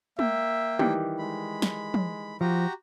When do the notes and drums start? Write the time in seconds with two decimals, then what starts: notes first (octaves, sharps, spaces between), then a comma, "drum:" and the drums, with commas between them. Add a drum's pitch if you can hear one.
0.19 A#3 E5 G5, drum: tom
0.79 D#3 E3 G3 G4, drum: tom
1.18 G#3 B5
1.62 drum: snare
1.94 drum: tom
2.41 F3 F#4 G4 A#5